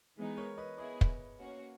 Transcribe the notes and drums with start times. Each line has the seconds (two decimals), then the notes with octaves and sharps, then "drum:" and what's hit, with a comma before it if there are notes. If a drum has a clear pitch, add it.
0.17 E3 G#3 B3 D#4
0.37 A#4 C#5
0.58 B4 D#5
0.78 B3 E4 G#4 B4 D#5
1.01 drum: kick
1.39 A#3 C#4 F#4